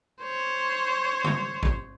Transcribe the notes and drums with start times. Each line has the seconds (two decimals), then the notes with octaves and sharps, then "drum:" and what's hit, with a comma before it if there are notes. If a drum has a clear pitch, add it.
0.22 C5 C#5
1.24 drum: tom C#3
1.63 drum: kick G#1